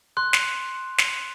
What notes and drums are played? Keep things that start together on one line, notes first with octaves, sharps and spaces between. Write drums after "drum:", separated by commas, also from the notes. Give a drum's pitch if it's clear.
C6 F#6
drum: snare
drum: snare